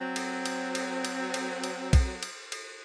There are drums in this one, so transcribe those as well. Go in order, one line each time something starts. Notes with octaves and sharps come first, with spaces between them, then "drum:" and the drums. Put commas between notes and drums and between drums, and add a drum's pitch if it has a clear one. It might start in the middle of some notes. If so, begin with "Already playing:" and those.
F#3 C4
drum: cymbal
drum: cymbal
drum: cymbal
drum: cymbal
drum: cymbal
drum: cymbal
drum: kick B1, cymbal
drum: cymbal
drum: cymbal